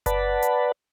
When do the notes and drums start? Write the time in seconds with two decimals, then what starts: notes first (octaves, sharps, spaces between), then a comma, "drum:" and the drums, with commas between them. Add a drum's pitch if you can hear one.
0.06 B4 D5 F#5 A5 B5, drum: kick F#1, hi-hat
0.42 drum: hi-hat